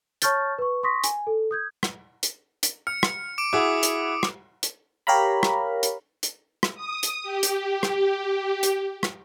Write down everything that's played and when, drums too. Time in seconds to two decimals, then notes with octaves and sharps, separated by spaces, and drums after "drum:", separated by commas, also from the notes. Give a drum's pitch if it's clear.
0.22 C#5 A5 C#6 F6 G6 A6, drum: hi-hat
0.58 B4 C#6
0.83 C6 C#6 D#6 A#6 B6
1.04 G#5, drum: hi-hat
1.27 A4
1.51 D#6 G6 G#6
1.83 drum: rim click
2.23 drum: hi-hat
2.63 drum: hi-hat
2.87 F6 C#7
3.03 drum: rim click
3.38 D6 D7
3.53 E4 F#4 G#4 D6 D#6 D7
3.83 drum: hi-hat
4.23 drum: rim click
4.63 drum: hi-hat
5.07 G4 A#4 C#5 F5 A#5 B5
5.43 drum: rim click
5.83 drum: hi-hat
6.23 drum: hi-hat
6.63 drum: rim click
6.75 D#6
7.03 drum: hi-hat
7.23 G4
7.43 drum: hi-hat
7.83 drum: rim click
8.63 drum: hi-hat
9.03 drum: rim click